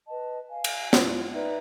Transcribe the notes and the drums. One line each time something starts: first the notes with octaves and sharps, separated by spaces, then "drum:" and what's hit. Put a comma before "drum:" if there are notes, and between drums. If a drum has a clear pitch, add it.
B4 D#5 A5
F5 G#5
drum: cymbal
E4 F4, drum: snare
D#4 B4 D5 E5